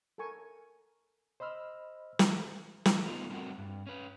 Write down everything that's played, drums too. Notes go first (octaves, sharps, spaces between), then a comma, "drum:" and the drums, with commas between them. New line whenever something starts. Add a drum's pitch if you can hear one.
A4 A#4 G#5 C#6
C5 D#5 B5 E6 F6
drum: snare
drum: snare
A3 B3 D#4 F4
G3 A3 C4 F#4 A#4 F#5
G2
C#4 B4